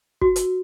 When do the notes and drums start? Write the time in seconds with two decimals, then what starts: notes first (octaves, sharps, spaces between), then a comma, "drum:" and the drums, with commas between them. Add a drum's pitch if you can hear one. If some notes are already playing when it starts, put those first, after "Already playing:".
0.21 F#4, drum: kick
0.36 drum: hi-hat